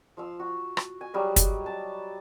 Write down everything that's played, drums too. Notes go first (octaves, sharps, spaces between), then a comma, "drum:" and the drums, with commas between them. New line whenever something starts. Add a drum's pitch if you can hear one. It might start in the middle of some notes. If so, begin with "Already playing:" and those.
F3 F5 E6
F#4
drum: rim click
G#5
F#3 G3 G#4 D#5
drum: kick, hi-hat
A5